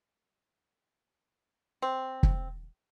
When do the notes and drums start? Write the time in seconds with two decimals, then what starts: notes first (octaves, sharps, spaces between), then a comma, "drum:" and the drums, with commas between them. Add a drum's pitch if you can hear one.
1.82 C4
2.23 drum: kick